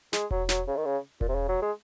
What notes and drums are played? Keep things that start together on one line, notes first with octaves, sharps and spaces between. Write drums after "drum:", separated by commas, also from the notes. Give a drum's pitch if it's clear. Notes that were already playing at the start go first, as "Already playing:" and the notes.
G#3, drum: snare
F#3, drum: kick E1
F#3, drum: snare
C#3
D#3
C#3
A#2, drum: kick E1
C3
C#3
F#3
G#3